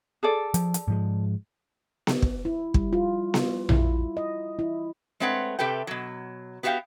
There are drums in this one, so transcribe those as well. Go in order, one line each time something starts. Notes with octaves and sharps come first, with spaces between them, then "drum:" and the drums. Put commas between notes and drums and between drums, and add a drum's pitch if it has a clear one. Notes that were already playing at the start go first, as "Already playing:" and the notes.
G#4 A4 D5
F3, drum: hi-hat
drum: hi-hat
G#2 F3 G#3
drum: snare B3
drum: kick
E4
G3, drum: kick
F4
drum: snare B3
E4, drum: tom A#1
D#5
E4
G#3 A3 C4 B4 C#5 F#5
C3 G4 A4 B4 G5
B2 F#3
B3 F#4 G4 C#5 F5 G5